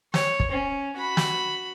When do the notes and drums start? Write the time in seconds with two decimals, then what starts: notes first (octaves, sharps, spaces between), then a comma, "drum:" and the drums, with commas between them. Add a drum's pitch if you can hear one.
0.14 C#5, drum: snare
0.40 drum: kick
0.51 C#4
0.97 F#4 B5
1.17 drum: snare